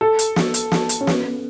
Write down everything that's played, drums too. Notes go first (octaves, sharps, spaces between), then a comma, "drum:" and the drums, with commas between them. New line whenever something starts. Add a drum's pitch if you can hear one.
A4
drum: hi-hat
drum: snare
drum: hi-hat
drum: snare
drum: hi-hat
C#4
B3, drum: snare